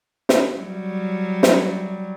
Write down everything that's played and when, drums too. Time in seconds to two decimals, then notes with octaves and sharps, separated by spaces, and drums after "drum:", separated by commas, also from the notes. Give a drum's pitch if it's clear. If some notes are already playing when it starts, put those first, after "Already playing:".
0.29 drum: snare
0.57 F#3 G3
1.43 drum: snare